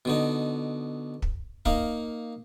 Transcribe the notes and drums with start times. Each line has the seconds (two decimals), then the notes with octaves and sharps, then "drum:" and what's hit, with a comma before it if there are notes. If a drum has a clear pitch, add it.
0.05 B2 D3 D#4
1.22 drum: kick
1.65 A#3 D#4 F5, drum: kick